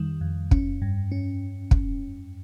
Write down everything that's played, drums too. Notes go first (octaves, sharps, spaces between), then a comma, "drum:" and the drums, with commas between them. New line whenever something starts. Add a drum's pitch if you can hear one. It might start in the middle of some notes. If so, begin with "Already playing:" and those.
Already playing: F2 D#3 G3
F2
C#4, drum: kick
G2
C#4
drum: kick